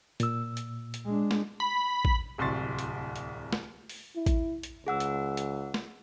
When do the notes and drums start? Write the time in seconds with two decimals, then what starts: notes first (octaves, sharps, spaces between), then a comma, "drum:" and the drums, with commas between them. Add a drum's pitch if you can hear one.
0.20 A#2 E6, drum: hi-hat
0.57 drum: hi-hat
0.94 drum: hi-hat
1.06 G#3 D4
1.31 drum: snare
1.60 B5
2.05 drum: kick A1
2.38 D1 C2 C6 C#6 A6
2.79 drum: hi-hat
3.16 drum: hi-hat
3.53 drum: snare
3.89 drum: open hi-hat
4.16 E4
4.26 drum: kick A1, hi-hat
4.63 drum: hi-hat
4.87 C#2 G#4 F#5 E6
5.00 drum: hi-hat
5.37 drum: hi-hat
5.74 drum: snare